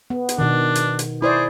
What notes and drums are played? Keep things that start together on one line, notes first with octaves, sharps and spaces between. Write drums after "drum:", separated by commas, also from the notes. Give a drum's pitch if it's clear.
B3
drum: hi-hat
B2 D#3 D4
drum: hi-hat
drum: hi-hat
E4 G#4 C5 D5